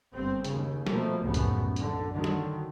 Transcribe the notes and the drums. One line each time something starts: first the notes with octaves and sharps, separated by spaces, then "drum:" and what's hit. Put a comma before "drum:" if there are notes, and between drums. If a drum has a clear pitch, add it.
G1 C4
D#2 C#3, drum: hi-hat
B2 F3 A3 A#3, drum: snare
F1 C#2 F#2 A2 B3
drum: kick B1, hi-hat
B1 D3, drum: hi-hat
D3 D#3 F#3
drum: snare